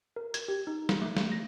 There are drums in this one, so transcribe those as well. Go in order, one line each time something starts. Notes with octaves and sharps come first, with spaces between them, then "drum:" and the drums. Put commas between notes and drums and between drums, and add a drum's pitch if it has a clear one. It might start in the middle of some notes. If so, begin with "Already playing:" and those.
A#4
G#6, drum: hi-hat
G4
D#4
drum: snare
A3
drum: snare
A#6